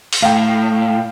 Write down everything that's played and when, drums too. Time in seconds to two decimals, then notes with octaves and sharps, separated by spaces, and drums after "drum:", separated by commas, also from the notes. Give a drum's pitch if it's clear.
0.13 drum: open hi-hat
0.22 A2 F5 G5